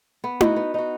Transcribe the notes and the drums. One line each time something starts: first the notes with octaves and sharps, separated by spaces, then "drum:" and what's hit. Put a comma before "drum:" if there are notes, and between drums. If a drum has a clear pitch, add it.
B3
D#4 F#4, drum: tom E4
B3
D#4 F#4